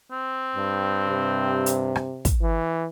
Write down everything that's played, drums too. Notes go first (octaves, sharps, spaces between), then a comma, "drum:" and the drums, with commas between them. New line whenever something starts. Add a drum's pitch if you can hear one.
C4
G2
C3
drum: hi-hat
drum: rim click
drum: kick, hi-hat
E3